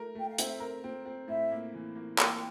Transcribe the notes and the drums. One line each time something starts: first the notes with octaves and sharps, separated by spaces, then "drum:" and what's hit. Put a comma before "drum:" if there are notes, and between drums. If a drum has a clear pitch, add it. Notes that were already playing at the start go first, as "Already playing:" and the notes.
Already playing: A3 A#4
A3 G5
F5
C4 E5, drum: hi-hat
A#4
C4
C4
A2 E5
A#3
E3
A#3
A#3 G5, drum: clap